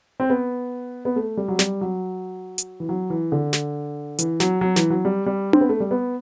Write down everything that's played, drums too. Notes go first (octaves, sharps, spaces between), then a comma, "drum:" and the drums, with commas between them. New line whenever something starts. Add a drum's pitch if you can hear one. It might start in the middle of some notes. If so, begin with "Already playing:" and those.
C4
B3
B3
A3
G3
F#3
G3, drum: snare
F#3
drum: hi-hat
E3
F#3
E3
D3
drum: snare
E3, drum: hi-hat
F#3, drum: snare
F#3
E3, drum: snare
F#3
G3
G3
C4, drum: tom D4
B3
A3
G3
B3